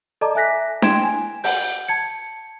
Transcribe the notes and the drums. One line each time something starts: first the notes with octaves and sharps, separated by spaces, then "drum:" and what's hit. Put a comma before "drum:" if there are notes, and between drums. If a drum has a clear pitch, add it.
A4 D5 D#5 A5 A#5 D6
E5 G#5 F#6 A#6 B6
E4 G5 C6 G#6 D7 E7, drum: snare D4
G#5
F#5 G6, drum: open hi-hat
A5 G#6 C#7